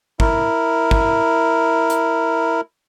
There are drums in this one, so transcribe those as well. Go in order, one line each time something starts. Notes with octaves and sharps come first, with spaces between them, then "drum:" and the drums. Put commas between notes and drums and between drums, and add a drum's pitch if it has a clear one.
E4 A#4, drum: kick
drum: kick
drum: hi-hat